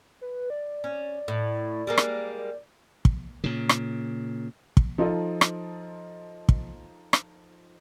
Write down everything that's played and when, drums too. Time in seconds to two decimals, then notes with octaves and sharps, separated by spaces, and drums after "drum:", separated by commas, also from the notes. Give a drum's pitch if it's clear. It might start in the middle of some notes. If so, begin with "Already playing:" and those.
0.21 B4
0.50 D5
0.84 C#4
1.28 A2
1.87 G3 G#3 A#3
1.98 drum: rim click
2.37 D5
3.05 drum: kick
3.44 A#2 C#3
3.69 drum: rim click
4.77 drum: kick
4.98 F3 D#4 F4 A4 D#5
5.41 drum: rim click
6.49 drum: kick
7.13 drum: rim click